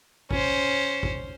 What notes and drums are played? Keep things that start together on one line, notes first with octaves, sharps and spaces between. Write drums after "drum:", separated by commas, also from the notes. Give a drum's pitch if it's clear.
C#4 C5, drum: kick G#1
drum: kick G#1